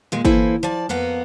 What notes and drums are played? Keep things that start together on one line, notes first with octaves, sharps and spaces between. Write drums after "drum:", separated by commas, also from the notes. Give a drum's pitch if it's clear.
A#2 G#3
E3 A#3 E4 A4 C5 G#5, drum: kick G1
F3 D5 A5
F2 A#3 B3 F#5 A#5